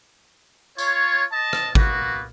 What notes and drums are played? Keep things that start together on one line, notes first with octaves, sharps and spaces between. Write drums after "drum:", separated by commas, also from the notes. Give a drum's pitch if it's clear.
F4 C#5, drum: tambourine
D#5 A5
drum: rim click
A#3 B3 F#4, drum: kick G#1